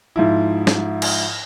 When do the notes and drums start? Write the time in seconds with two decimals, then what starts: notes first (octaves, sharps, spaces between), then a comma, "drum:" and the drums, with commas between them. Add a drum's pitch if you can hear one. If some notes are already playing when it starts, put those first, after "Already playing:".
0.16 G#2 F3 E4
0.67 drum: snare
1.02 drum: cymbal